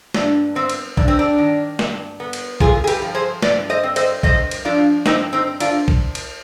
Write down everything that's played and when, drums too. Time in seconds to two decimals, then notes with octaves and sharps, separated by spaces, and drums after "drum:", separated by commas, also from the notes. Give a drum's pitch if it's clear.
0.14 G2 D4, drum: snare
0.55 B3 C4
0.69 drum: cymbal
0.97 G2 D4, drum: kick B1
1.08 C4
1.19 D4
1.38 D#3
1.79 G2, drum: snare
2.20 B3
2.33 drum: cymbal
2.60 G2 F4 G#4, drum: kick B1
2.84 G#4
2.87 G4 B4, drum: cymbal
3.02 F3
3.15 G#4 C5
3.42 G2 B4 D5, drum: snare
3.70 C5 D#5
3.83 C4
3.96 C5 D#5, drum: cymbal
4.23 G2 C5 D#5, drum: kick B1
4.51 drum: cymbal
4.65 F3 D4 F4
5.06 G2 C4 D#4, drum: snare
5.33 C4 D#4
5.47 C4
5.60 D4 F4, drum: cymbal
5.88 drum: kick B1
6.15 drum: cymbal